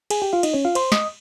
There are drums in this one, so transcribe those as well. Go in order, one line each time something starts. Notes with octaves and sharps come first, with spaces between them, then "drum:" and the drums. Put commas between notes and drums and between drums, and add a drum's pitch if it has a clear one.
G#4 G#5, drum: cymbal
G4 G5
F4 F5
D#4 D#5, drum: cymbal
C#4 C#5
F4 F5
C5 C6, drum: cymbal
D#5 D#6, drum: snare